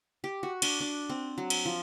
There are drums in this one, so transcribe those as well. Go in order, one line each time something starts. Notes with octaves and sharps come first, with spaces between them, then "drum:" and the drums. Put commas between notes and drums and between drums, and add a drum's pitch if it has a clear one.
G4
F#4
D4, drum: cymbal
D4
C4
F#3
drum: cymbal
F3